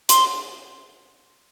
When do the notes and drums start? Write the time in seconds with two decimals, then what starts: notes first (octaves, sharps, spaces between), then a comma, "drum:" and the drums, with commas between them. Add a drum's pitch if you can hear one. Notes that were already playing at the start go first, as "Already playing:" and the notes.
0.09 C6, drum: hi-hat